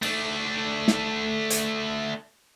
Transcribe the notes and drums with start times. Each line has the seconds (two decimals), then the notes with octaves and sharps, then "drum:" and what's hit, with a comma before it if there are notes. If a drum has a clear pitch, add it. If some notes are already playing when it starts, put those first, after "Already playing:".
0.02 A3 D4, drum: cymbal
0.88 drum: snare
1.50 drum: hi-hat